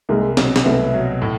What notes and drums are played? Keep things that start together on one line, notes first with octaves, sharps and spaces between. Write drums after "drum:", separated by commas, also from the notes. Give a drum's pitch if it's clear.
C2 G#3 A#3
B2 F#3, drum: snare
drum: snare
C2 A3 B3
B2 F#3
A2